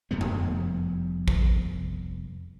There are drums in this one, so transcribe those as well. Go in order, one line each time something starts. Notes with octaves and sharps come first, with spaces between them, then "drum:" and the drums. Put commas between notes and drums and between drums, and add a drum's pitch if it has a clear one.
F1 F2 G3 B3
drum: tom
drum: kick A1